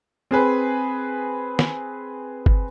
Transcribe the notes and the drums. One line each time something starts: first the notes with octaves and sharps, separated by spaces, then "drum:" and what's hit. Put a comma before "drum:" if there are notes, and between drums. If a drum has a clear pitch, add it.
C4 G#4 B4
drum: snare
drum: kick G1